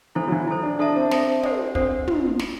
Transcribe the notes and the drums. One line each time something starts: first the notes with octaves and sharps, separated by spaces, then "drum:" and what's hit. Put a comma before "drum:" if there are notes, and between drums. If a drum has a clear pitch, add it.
E3 E4 A4 C5
F#3
E3
E4 A4 C5
D4
D4 A4 E5 A5
C4
C4 A4 E5 A5, drum: snare
D4 A4 C5 F#5, drum: tom
C4 D4 A4 C5 F#5, drum: kick
drum: tom
drum: snare